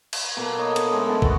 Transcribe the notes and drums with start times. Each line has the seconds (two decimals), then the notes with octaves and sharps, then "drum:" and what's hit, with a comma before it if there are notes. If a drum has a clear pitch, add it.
0.13 drum: cymbal
0.37 B2 A#3 A4
0.58 C#5 D#5
0.76 D3, drum: cymbal
0.92 G#3 A3 C#4
1.08 B3 E4 A4 B4
1.22 F#3 B3 F#4, drum: kick